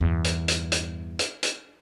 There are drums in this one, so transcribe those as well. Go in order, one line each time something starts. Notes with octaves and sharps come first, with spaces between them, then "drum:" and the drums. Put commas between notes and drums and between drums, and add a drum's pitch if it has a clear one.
E2 G2
drum: hi-hat
drum: hi-hat
drum: hi-hat
drum: hi-hat
drum: hi-hat